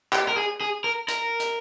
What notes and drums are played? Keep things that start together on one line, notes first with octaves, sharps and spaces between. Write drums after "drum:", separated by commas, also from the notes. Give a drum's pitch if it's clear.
G4, drum: clap
A#4
G#4
G#4
A#4
A#4, drum: hi-hat
drum: hi-hat